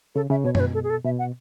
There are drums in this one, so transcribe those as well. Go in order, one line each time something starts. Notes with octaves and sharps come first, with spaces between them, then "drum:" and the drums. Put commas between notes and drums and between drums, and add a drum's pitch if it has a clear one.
C#3 A4
C#3 E5
B2 C#5
C#5, drum: tom F#2
B4
A4
G#4
A4
B2 E5
F#5